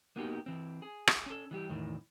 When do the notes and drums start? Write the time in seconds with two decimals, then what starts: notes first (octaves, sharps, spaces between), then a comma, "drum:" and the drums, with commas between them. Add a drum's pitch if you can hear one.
0.16 A#3 B3 D#4 F#4 G4
0.46 E3 C4
0.82 G#4
1.07 drum: rim click
1.26 C#4 A4
1.51 E3 G3 G4
1.69 E2 A2 D#3 E3